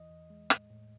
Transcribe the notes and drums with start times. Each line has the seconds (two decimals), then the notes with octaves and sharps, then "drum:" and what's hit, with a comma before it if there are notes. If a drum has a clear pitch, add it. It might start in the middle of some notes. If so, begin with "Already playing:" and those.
Already playing: E2 E3 D#5
0.10 E2
0.30 G#3
0.50 A2, drum: rim click
0.70 A2